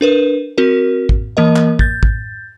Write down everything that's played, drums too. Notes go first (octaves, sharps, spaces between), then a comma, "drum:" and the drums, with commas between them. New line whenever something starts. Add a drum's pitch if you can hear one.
D4 A#4 B4
C4 F#4 A#4
drum: kick
E3 A#3 A#4 D#5
drum: clap
G6 A6, drum: kick
drum: kick